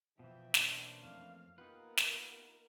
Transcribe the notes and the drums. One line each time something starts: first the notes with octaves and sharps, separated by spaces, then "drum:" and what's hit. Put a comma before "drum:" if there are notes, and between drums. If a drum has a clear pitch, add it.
B2 E3 F3 E5 G5
A#3 C#4 D4 C5, drum: snare
F2 E3 A3 F5
A#3 B3 D#4 F4 G4 A#4 B4
drum: snare